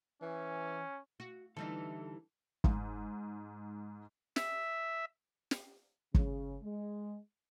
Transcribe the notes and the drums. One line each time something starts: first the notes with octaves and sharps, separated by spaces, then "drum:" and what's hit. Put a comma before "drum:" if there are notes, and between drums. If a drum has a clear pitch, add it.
E3 C#4
F#4
D3 E3 G3 D#4 A4
G#2, drum: kick
E5, drum: snare
drum: snare
C#3, drum: kick
G#3